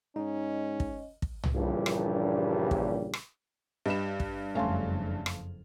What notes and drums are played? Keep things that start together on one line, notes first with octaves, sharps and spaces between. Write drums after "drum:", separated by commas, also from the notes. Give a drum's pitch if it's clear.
G#2 C#4 D#4 D#5
drum: kick
drum: kick
drum: tom C2
A#1 G2 A#2 C#3 E3 G3
drum: rim click
drum: kick
drum: rim click
G2 G4 B4 D#5 B5 E7
drum: kick
F#1 F2 A3 C#4 F5 A5 C6
drum: rim click